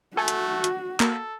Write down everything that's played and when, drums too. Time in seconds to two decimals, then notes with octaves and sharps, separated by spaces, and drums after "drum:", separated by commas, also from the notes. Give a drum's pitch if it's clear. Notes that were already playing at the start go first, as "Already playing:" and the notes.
0.17 A3 F#4 A4 G#5
0.28 drum: hi-hat
0.64 drum: hi-hat
1.00 A#3 A4, drum: clap